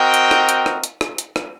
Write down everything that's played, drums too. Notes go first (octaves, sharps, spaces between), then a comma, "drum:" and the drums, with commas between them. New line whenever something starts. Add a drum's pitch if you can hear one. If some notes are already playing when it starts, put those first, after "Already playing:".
Already playing: C4 F#4 A#4 D#5 G5
drum: hi-hat
drum: rim click
drum: hi-hat
drum: rim click
drum: hi-hat
drum: rim click
drum: hi-hat
drum: rim click